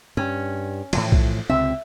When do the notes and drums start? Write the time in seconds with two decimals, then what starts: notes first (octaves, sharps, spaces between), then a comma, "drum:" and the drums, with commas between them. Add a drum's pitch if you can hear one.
0.17 G2 C#4
0.93 A2 E3 F3, drum: cymbal
1.12 drum: kick B1
1.49 C#2 C3 C4 E5